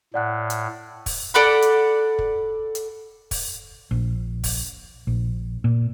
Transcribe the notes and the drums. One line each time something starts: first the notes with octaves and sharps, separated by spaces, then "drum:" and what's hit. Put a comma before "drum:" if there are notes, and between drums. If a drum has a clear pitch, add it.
A2 D5 F#5 F#6
drum: hi-hat
drum: kick, open hi-hat
A4 D5 F#5 B5
drum: hi-hat
drum: kick
drum: hi-hat
drum: kick, open hi-hat
A#1
drum: kick, open hi-hat
A#1
A#2